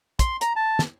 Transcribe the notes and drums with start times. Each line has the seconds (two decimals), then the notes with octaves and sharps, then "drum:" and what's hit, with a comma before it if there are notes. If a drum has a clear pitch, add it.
0.19 C6, drum: kick, hi-hat
0.41 A#5, drum: hi-hat
0.56 A5
0.79 drum: snare